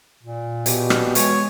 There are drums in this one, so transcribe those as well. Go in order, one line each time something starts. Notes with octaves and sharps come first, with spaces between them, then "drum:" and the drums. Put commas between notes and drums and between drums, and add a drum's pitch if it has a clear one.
A#2
B2 G4, drum: hi-hat
drum: rim click
E3 G#3 C#5, drum: hi-hat